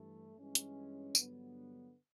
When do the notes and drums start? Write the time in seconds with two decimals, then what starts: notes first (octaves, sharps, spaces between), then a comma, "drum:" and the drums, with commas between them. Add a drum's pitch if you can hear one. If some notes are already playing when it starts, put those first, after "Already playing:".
Already playing: G2 E3 A3
0.37 G2 E3 G#3 C#4
0.55 drum: hi-hat
1.15 G2 D3 F#3 B3, drum: tambourine